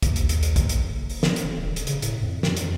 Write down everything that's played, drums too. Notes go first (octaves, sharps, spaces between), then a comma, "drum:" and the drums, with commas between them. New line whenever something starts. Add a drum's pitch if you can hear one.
D#2, drum: kick, hi-hat
drum: hi-hat
drum: hi-hat
drum: hi-hat
drum: kick, hi-hat
drum: hi-hat
F#1
drum: open hi-hat
drum: snare
drum: hi-hat
D#1
drum: hi-hat
C#3, drum: hi-hat
A2, drum: hi-hat
F2
drum: snare
drum: hi-hat